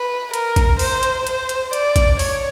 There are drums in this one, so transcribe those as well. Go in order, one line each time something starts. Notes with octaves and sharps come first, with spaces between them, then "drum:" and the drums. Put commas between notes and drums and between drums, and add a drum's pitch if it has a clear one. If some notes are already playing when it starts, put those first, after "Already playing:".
Already playing: B4
A#4, drum: hi-hat
drum: kick A#1, hi-hat
C5, drum: open hi-hat
drum: hi-hat
C5, drum: hi-hat
drum: hi-hat
D5, drum: hi-hat
drum: kick A#1, hi-hat
C#5, drum: open hi-hat